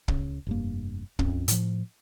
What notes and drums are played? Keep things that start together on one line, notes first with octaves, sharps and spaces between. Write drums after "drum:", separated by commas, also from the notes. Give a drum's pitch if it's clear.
C#2 C#3, drum: kick
F1 G2 A#3
A#1 F2 C#4, drum: kick
A2 F3, drum: hi-hat